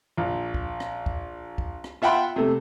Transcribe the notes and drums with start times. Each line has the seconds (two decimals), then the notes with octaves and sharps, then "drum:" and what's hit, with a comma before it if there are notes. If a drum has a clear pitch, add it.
0.17 A#1
0.54 drum: kick
0.80 drum: rim click
1.06 drum: kick
1.58 drum: kick
1.84 drum: rim click
2.02 F4 E5 F#5 G5 B5 C6
2.36 C3 A3